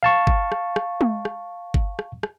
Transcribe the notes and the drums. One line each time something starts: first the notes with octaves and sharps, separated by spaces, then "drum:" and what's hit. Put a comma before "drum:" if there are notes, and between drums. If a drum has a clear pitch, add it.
F5 A5 C#6
drum: kick G1
drum: rim click
drum: rim click
drum: tom G#3
drum: rim click
drum: kick G1
drum: rim click
drum: rim click